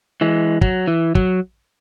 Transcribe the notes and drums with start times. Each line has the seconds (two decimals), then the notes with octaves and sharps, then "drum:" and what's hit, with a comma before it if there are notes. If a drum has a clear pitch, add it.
0.21 E3 G#3
0.61 F#3, drum: kick
0.87 E3
1.15 F#3, drum: kick